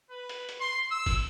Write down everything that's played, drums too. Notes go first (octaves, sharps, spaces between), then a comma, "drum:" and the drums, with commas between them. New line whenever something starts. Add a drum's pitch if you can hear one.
B4
drum: hi-hat
drum: hi-hat
C6
E6
drum: kick, open hi-hat